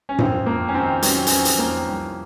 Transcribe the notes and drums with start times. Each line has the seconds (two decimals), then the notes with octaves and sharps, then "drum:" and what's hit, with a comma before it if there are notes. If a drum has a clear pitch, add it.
0.09 C#4
0.18 F2 C4, drum: tom G2
0.46 F2 A#3
0.68 C#4
0.74 D#3 C4
1.02 F#3 C#4, drum: hi-hat
1.27 C#4, drum: hi-hat
1.31 F2 C4
1.45 drum: hi-hat
1.58 F2 A#3
1.87 C2